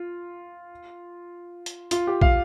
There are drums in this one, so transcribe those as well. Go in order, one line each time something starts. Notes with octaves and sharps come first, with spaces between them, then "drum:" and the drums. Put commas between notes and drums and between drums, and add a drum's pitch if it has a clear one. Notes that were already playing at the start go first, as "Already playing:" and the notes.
Already playing: F4
drum: hi-hat
F4, drum: hi-hat
G4
F5, drum: kick